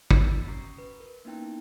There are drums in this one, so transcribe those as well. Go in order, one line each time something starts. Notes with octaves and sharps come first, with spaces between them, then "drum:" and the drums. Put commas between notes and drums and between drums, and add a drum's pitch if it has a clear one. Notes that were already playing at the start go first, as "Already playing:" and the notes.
E6 A6, drum: kick
C#4 F#4 A#5 C#6 C7
D#6
B4
A#4
A#3 B3 C#4 D#4 E4 G5